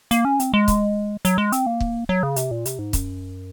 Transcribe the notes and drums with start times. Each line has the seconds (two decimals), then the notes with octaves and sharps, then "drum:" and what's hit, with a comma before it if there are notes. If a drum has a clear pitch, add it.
0.11 A#3, drum: hi-hat
0.25 C#4
0.40 C4, drum: hi-hat
0.54 G#3
0.68 drum: kick, hi-hat
1.25 F#3, drum: hi-hat
1.38 G#3
1.52 C4, drum: hi-hat
1.66 A#3
1.80 drum: kick
2.09 F#3
2.23 C#3
2.36 C3, drum: hi-hat
2.51 A#2
2.65 C3, drum: hi-hat
2.79 G#2
2.93 F#2, drum: kick, hi-hat